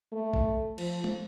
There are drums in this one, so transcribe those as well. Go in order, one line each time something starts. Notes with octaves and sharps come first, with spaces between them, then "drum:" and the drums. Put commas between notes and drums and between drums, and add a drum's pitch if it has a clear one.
A3
drum: kick
F3, drum: cymbal
drum: tom